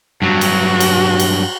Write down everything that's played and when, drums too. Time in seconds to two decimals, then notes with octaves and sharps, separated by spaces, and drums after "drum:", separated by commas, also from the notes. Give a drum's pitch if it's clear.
0.22 G2 F#3 F#4
0.41 drum: cymbal
0.80 drum: cymbal
1.19 drum: cymbal